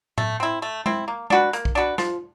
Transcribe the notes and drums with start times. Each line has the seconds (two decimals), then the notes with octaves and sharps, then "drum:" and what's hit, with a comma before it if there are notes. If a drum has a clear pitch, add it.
0.18 A3, drum: tom A2
0.40 C4 E4
0.62 A3
0.86 C4 E4, drum: tom G#3
1.08 A#3
1.30 D4 F#4 B4, drum: tom G#3
1.53 A#3, drum: hi-hat
1.65 drum: kick B1
1.75 D4 F#4 B4
1.98 F3, drum: snare